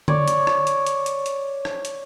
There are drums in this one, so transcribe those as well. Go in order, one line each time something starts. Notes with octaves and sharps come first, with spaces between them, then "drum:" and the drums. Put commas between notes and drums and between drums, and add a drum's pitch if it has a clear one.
C#5 D5, drum: tom D3
drum: hi-hat
drum: rim click
drum: hi-hat
drum: hi-hat
drum: hi-hat
drum: hi-hat
drum: rim click
drum: hi-hat